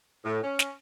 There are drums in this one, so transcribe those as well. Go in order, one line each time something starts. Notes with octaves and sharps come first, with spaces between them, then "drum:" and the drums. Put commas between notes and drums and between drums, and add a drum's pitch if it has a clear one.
A2
C#4
drum: snare